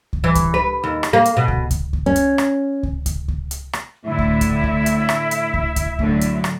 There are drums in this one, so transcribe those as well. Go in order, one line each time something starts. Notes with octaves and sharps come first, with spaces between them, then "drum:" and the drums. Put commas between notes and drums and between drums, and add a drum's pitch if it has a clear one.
drum: kick
E3
drum: kick, hi-hat
B4
D#2
drum: rim click
A#3
drum: hi-hat
B2
drum: kick
drum: kick, hi-hat
drum: kick
C#4
drum: hi-hat
drum: rim click
drum: kick
drum: kick, hi-hat
drum: kick
drum: hi-hat
drum: rim click
A2 D3 E4 E5
drum: kick
drum: kick, hi-hat
drum: kick
drum: hi-hat
drum: rim click
drum: hi-hat
drum: kick
drum: kick, hi-hat
A2 D3 F#3, drum: kick
drum: hi-hat
drum: rim click